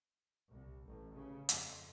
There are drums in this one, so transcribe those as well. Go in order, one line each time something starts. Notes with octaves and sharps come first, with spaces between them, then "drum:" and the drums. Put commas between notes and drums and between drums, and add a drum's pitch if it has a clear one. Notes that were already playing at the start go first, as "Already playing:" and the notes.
C2
A1
C#3
F2, drum: hi-hat